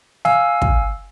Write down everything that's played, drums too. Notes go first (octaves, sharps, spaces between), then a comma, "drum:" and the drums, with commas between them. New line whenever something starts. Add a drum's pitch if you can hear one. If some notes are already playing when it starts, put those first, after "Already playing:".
F5 G#5 E6, drum: snare
drum: kick